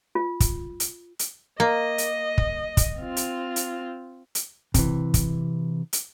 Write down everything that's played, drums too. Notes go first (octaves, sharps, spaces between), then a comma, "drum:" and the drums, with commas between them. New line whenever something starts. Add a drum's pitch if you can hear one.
F4
drum: kick, hi-hat
drum: hi-hat
drum: hi-hat
A#3 D#5
drum: hi-hat
drum: kick
drum: kick, hi-hat
C4 F4
drum: hi-hat
drum: hi-hat
drum: hi-hat
C3 E3, drum: kick, hi-hat
drum: kick, hi-hat
drum: hi-hat